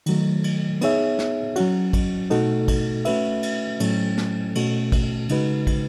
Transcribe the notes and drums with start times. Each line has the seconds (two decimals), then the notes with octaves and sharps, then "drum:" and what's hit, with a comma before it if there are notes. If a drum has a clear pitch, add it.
0.06 D#3 F#3 A3, drum: cymbal
0.44 drum: cymbal
0.81 B3 D#4 G#4 C#5 E5, drum: cymbal
1.19 drum: snare
1.56 F#3 C#4 F#4, drum: cymbal
1.93 drum: kick, cymbal
2.30 B2 A3 D#4 F#4 A4, drum: cymbal
2.68 drum: kick, cymbal
3.05 A3 C#4 F#4 B4 E5, drum: cymbal
3.43 drum: cymbal
3.80 A2 F#3 A3 C#4, drum: cymbal
4.18 drum: snare
4.55 B2 A3 C#4 F#4, drum: cymbal
4.92 drum: kick, cymbal
5.29 C#3 G#3 D#4 F#4 B4, drum: cymbal
5.67 drum: kick, cymbal